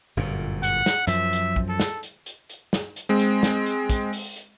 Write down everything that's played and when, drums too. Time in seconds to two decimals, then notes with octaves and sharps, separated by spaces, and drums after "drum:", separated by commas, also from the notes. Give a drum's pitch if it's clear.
0.17 G1 F#2 A#2
0.63 F#5, drum: hi-hat
0.86 drum: snare
1.07 F#2 F3 E5, drum: hi-hat
1.33 drum: hi-hat
1.56 drum: kick
1.69 A4
1.80 drum: snare
2.03 drum: hi-hat
2.26 drum: hi-hat
2.50 drum: hi-hat
2.73 drum: snare
2.96 drum: hi-hat
3.09 G#3 C4
3.20 drum: hi-hat
3.43 drum: snare
3.66 drum: hi-hat
3.90 drum: kick, hi-hat
4.13 drum: open hi-hat
4.36 drum: hi-hat